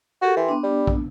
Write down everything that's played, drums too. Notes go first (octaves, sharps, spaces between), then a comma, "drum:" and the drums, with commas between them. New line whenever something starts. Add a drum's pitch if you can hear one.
F#4 G4 A4 A#4
E3 G5 C6
B3 D4
G3
drum: kick